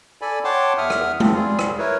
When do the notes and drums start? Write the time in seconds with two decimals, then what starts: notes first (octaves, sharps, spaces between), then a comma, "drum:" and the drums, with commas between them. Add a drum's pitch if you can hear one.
0.22 A4 D5 G#5 B5
0.44 C#5 F#5 G5 A5 C6 D6
0.78 E2 E5 F#5 D#6 F6
0.90 drum: rim click
1.20 F#2 F3 C4, drum: tom G#3
1.34 G3 F4 G#4
1.59 drum: rim click
1.78 E4 A#4 B4 C#5